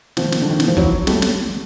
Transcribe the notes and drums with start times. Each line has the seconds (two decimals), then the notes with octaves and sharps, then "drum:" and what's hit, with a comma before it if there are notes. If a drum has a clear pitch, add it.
0.17 D#3 F3, drum: snare
0.32 drum: snare
0.41 D3
0.50 D#3
0.60 E3, drum: snare
0.68 F3
0.77 E3 F#3, drum: kick
1.07 G3 A3, drum: snare
1.22 drum: snare